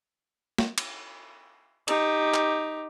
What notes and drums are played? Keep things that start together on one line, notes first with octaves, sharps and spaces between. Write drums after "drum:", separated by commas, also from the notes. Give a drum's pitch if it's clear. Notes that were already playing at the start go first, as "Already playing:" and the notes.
drum: snare
drum: cymbal
D#4 G4, drum: cymbal
drum: clap